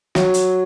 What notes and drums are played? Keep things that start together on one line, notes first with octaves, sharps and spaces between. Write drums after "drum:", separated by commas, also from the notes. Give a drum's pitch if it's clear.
F#3, drum: snare
drum: hi-hat